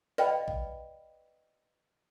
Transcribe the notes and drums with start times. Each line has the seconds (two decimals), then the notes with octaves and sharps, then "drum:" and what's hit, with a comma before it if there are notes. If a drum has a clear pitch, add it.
0.18 B4 D5 D#5 F5 G5 B5, drum: snare
0.48 drum: kick